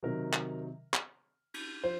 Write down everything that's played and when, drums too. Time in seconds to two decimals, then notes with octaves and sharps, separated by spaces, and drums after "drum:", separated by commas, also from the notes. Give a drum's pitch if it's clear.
0.03 C3 D#3 F#3 A#4
0.33 drum: clap
0.94 drum: clap
1.54 drum: cymbal
1.84 F3 C5